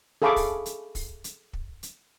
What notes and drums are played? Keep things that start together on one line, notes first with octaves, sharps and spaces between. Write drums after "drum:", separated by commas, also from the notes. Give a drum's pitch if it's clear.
G#4 A4 F5 B5 C#6 D6
drum: kick, open hi-hat
drum: hi-hat
drum: kick, open hi-hat
drum: hi-hat
drum: kick
drum: hi-hat